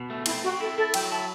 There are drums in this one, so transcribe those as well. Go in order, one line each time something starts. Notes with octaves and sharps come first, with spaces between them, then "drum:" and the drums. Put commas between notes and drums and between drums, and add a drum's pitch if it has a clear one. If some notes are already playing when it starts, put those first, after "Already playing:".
Already playing: B2
A3
C4 E4, drum: cymbal
C4 F#4
E4 A4
E4 A4
F#3 G5, drum: cymbal
E4 A5